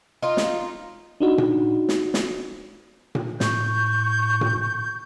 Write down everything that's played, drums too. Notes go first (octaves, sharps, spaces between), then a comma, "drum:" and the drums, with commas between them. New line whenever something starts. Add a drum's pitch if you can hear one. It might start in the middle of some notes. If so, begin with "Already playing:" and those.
D#4 F4
drum: snare
D4 D#4 F#4
drum: tom A#2
drum: snare
drum: snare
drum: tom A#2
A2 C#6 G6, drum: snare
drum: tom A#2